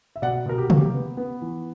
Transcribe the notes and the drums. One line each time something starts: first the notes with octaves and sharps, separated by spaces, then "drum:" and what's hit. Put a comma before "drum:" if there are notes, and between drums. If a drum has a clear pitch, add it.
E5
B2 D5 F#5
B2 A#4
G4
A#3, drum: tom C3
G4
B3
B3
E3